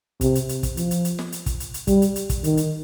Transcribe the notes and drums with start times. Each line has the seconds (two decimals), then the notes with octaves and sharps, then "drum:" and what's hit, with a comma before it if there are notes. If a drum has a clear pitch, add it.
0.21 C3, drum: kick, hi-hat
0.35 drum: hi-hat
0.49 drum: hi-hat
0.63 drum: kick, hi-hat
0.77 F3, drum: hi-hat
0.91 drum: hi-hat
1.05 drum: hi-hat
1.19 drum: snare
1.32 drum: hi-hat
1.46 drum: kick, hi-hat
1.60 drum: hi-hat
1.74 drum: hi-hat
1.87 G3, drum: kick, hi-hat
2.02 drum: hi-hat
2.16 drum: hi-hat
2.30 drum: kick, hi-hat
2.44 D#3, drum: hi-hat
2.57 drum: hi-hat